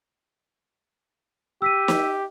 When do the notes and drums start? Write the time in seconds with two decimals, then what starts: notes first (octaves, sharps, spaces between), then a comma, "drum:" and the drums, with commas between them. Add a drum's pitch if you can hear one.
1.62 G4 E6 B6 D#7
1.88 drum: snare